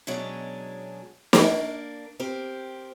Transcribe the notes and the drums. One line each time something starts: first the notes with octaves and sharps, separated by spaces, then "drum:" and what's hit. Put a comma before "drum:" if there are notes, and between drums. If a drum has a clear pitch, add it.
B2 F#3 G#3 C#4 D4
A#3 D4 A#4, drum: snare
C4 G4 A#4